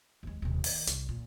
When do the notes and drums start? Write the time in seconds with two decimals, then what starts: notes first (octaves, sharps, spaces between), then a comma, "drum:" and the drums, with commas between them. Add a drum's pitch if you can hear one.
0.23 D#2 G#3
0.42 D#1 C3
0.64 D#2, drum: open hi-hat
0.87 C2, drum: hi-hat
1.09 A#2